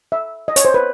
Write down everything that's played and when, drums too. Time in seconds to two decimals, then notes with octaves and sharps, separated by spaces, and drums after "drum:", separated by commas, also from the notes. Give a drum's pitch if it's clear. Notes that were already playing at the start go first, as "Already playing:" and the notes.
0.12 E5
0.48 D#5
0.56 C#5, drum: hi-hat
0.65 C5
0.74 B4